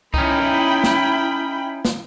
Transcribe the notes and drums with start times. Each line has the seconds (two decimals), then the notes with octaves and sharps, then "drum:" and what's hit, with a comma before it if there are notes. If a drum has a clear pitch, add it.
0.14 C#4 D#4 E4 G5 B5, drum: kick C2
0.84 drum: snare
1.85 drum: snare